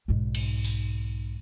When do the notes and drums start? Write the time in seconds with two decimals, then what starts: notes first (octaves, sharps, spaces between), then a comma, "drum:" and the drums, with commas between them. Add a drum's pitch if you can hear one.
0.08 B1 G#2
0.35 drum: cymbal
0.64 drum: open hi-hat